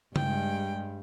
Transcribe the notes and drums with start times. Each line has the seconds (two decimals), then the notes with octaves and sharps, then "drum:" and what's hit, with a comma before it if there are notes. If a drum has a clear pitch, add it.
0.16 G2 G3 G#3 G5, drum: tom C#3